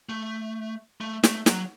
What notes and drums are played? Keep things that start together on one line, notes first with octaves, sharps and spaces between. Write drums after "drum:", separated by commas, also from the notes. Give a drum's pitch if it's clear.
A3
A3
A3, drum: snare
F#3, drum: snare